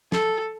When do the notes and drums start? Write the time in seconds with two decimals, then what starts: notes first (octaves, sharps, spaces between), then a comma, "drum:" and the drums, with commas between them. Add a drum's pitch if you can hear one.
0.12 A4, drum: snare